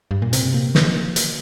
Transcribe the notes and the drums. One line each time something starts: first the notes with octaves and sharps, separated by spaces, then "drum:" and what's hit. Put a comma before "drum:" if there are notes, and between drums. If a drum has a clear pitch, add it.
G2
A#2
C3 C4, drum: hi-hat
A#3
D#3 F3, drum: snare
A#3
drum: hi-hat